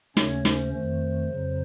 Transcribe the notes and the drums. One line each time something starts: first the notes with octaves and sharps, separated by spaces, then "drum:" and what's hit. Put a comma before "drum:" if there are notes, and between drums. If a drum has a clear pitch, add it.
D#2 C#3 A3 C#4 C#5, drum: snare
C5, drum: snare
F2 D#3 A3 C5
F2 C#3 F#3